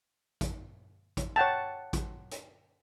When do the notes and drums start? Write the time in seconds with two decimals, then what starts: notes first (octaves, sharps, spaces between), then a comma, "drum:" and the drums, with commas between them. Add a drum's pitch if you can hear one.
0.41 drum: kick A1, hi-hat
1.17 drum: kick A1, hi-hat
1.36 C#5 F#5 G5 A5
1.93 drum: kick A1, hi-hat
2.31 drum: hi-hat